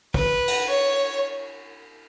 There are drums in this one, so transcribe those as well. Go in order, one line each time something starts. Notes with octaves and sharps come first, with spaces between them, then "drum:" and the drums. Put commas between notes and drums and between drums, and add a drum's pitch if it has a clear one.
B4, drum: kick
drum: cymbal
C#5